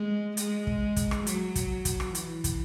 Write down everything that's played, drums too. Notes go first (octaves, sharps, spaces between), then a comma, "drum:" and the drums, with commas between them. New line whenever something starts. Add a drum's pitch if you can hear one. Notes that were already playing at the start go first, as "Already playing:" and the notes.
Already playing: G#3
G#3, drum: hi-hat
drum: kick
drum: kick, hi-hat
drum: rim click
F#3, drum: hi-hat
drum: kick, hi-hat
drum: kick, hi-hat
drum: rim click
E3, drum: hi-hat
drum: kick, hi-hat